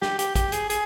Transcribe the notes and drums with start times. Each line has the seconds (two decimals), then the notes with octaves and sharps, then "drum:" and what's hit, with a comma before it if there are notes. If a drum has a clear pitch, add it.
0.02 G4, drum: snare
0.19 G4, drum: hi-hat
0.35 G4, drum: kick A1, hi-hat
0.52 G#4, drum: hi-hat
0.70 G#4, drum: hi-hat